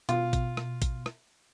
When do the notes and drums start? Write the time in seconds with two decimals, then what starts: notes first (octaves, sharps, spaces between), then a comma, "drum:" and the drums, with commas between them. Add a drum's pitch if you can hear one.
0.09 B2 F4, drum: hi-hat
0.33 drum: kick A1, hi-hat
0.57 drum: rim click
0.82 drum: kick A1, hi-hat
1.06 drum: rim click